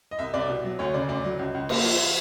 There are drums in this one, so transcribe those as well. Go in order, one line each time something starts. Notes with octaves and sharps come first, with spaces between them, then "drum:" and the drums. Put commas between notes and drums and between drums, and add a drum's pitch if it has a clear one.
D#5
C2 E5
C2 D5
B2
F#3
D2 C#5
C#3 D5
D2 D5
F#3
C#2
C#2
A#3 D#5, drum: cymbal
F3
E5
E5